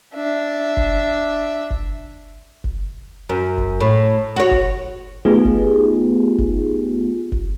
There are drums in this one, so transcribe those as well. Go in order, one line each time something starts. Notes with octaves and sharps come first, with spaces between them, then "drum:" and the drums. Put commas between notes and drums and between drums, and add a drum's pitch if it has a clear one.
D4 E5
drum: kick F#1
drum: kick F#1
drum: kick F#1
F#2
drum: kick F#1
A2
F#4 C#5
drum: kick F#1
A3 B3 D#4 F4 G4 G#4
drum: kick F#1
drum: kick F#1
drum: kick F#1